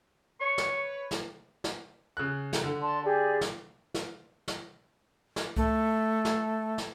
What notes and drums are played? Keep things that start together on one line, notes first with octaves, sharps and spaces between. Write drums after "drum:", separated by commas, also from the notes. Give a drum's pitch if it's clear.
B4 C#5 C#6
drum: snare
drum: snare
drum: snare
C#3 F#6
drum: snare
D3
D5 A5 C6
G4 G#4 D5
drum: snare
drum: snare
drum: snare
drum: snare
A3, drum: kick C#2
drum: snare
drum: snare